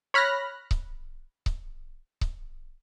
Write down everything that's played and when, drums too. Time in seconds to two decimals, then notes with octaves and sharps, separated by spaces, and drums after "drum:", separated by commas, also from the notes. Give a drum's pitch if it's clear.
0.14 C#5 B5 F6 F#6 A#6
0.71 drum: kick C#1
1.46 drum: kick C#1
2.21 drum: kick C#1